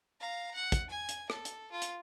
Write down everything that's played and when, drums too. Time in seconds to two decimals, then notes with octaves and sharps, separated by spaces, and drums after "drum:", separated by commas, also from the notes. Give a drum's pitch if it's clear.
0.20 F5 A#5
0.54 F#5
0.72 drum: kick, hi-hat
0.89 G#5
1.09 drum: hi-hat
1.30 A4, drum: rim click
1.45 drum: hi-hat
1.71 F4
1.82 drum: hi-hat